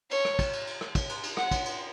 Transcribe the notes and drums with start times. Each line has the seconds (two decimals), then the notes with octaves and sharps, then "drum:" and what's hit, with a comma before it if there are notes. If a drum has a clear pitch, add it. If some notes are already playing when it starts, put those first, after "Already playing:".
0.11 C#5, drum: cymbal
0.25 drum: rim click
0.39 drum: kick, cymbal
0.53 drum: cymbal
0.67 drum: cymbal
0.81 drum: rim click
0.95 drum: kick, cymbal
1.09 drum: cymbal
1.23 drum: cymbal
1.37 F#5, drum: rim click
1.51 drum: kick, cymbal
1.65 drum: cymbal